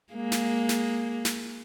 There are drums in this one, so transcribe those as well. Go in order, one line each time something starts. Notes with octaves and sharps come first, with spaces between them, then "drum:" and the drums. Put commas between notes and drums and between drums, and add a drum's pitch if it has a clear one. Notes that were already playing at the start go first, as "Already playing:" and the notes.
G#3 A#3
drum: snare
drum: snare
drum: snare